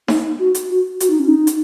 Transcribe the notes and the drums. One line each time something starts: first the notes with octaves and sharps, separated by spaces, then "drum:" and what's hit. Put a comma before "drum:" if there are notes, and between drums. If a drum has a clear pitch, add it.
D#4, drum: snare D#4
F#4
drum: hi-hat
F#4
F#4, drum: hi-hat
D#4
C#4
D#4
drum: hi-hat